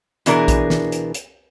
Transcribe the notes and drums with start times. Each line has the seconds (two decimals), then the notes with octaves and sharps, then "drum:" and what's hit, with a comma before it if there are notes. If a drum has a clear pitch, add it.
0.26 B2 E3 D4 G#4 A#4, drum: hi-hat
0.48 drum: kick A#1, hi-hat
0.70 drum: snare
0.92 drum: hi-hat
1.14 drum: hi-hat